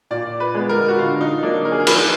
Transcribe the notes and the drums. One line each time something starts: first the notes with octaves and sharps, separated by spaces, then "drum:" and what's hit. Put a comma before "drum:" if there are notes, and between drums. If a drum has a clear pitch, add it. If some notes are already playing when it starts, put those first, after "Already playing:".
A#2 D5
B4
G#3 B3
A#4
F#4
D3 F4
D#4
F#3 A#3 D4
A#4
G#4
A#4
F3 B4, drum: cymbal